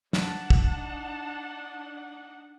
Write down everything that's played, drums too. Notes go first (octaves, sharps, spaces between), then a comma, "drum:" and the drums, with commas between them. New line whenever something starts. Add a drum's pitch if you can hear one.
D4 D#4 F#5 A5, drum: snare
drum: kick